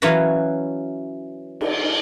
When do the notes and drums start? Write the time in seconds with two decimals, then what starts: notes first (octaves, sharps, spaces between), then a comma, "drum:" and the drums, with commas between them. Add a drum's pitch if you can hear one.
0.02 E3 F#3 C#4 F4 B4
1.61 drum: cymbal